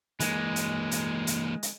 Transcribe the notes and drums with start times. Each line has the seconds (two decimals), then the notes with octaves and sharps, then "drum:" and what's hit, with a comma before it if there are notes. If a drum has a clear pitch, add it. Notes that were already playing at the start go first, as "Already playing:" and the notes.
0.20 E3 G#3 A#3, drum: hi-hat
0.56 drum: hi-hat
0.91 drum: hi-hat
1.27 drum: hi-hat
1.63 drum: hi-hat